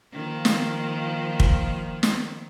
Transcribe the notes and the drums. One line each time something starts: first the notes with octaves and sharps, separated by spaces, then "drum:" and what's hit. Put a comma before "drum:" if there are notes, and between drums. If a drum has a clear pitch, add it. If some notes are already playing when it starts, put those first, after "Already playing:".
D#3 F3 A#3
drum: snare
drum: kick
drum: snare